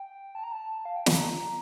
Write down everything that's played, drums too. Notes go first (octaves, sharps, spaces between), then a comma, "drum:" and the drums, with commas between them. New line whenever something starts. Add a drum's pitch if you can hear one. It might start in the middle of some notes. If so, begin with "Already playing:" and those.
Already playing: G5
A5
A#5
A5
F5
G5
A5, drum: snare
A#5